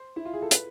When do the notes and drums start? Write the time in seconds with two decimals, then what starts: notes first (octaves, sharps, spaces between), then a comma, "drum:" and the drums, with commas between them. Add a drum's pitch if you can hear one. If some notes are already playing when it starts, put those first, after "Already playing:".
Already playing: C5
0.16 E4
0.25 F4
0.33 G#4
0.42 A4
0.51 B4, drum: hi-hat